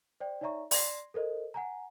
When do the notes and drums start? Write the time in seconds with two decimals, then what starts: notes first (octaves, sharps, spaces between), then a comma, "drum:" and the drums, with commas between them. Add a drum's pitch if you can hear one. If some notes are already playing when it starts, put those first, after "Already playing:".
0.20 C5 D5 G5
0.41 D#4 C#5 D5 E5 A#5 C#6
0.71 D5 C6 G#6 A#6 C7, drum: open hi-hat
1.14 A4 A#4 C5 D#5
1.54 F#5 G#5 A#5